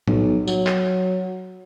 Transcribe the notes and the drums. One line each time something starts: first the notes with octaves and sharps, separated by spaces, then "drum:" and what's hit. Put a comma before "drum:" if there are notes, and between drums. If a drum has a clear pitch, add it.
B1, drum: tom A2
F#3, drum: tambourine
drum: clap